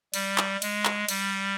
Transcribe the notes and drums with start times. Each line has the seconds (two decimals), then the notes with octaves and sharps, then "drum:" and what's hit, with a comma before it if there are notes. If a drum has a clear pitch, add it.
0.14 G3, drum: cymbal
0.38 drum: clap
0.62 G#3, drum: cymbal
0.85 drum: clap
1.09 G3, drum: cymbal